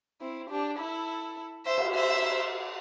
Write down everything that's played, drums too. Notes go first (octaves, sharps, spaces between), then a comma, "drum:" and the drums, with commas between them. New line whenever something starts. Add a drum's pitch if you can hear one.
C4 E4
D4 G4
E4 A4
C5 E5
drum: cymbal
C5 E5